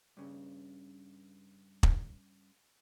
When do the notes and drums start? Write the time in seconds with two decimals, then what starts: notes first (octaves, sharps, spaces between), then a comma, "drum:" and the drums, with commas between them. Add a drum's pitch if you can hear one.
0.17 G2 C#3
1.83 drum: kick